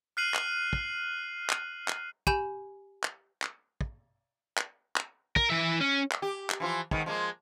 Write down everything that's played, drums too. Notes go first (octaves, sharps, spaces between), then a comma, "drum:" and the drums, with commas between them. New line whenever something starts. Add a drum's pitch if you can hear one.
F6 F#6 C7 D#7 F#7
drum: clap
drum: kick
drum: clap
drum: clap
G4 G#5 B5 G6 E7, drum: kick
drum: clap
drum: clap
drum: kick
drum: clap
drum: clap
A#4, drum: kick
E3 E5
C#4
drum: clap
G4
drum: clap
E3 F3 F4
G#2 D#3 B3, drum: kick
F3 G#3 A#3